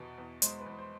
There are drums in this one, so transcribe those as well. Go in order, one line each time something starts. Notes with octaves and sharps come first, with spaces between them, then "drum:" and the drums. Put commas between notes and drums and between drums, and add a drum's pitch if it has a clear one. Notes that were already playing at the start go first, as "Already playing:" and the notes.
Already playing: E2 B2
E2
G#3 C5, drum: hi-hat
B4
E2
C5